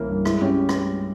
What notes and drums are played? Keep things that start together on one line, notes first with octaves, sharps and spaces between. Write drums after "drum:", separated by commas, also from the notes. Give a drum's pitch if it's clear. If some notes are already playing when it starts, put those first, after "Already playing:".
Already playing: C2 E3 A#3 C#4
G2
G#3 E4, drum: rim click
C#4 G4
drum: rim click